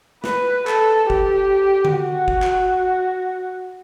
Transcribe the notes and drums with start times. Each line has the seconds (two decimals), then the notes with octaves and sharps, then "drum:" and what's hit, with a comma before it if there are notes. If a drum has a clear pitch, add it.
0.24 B4, drum: snare
0.67 A4, drum: clap
1.10 G4, drum: kick G1
1.85 drum: tom D3
1.94 F#4
2.28 drum: kick G1
2.42 drum: clap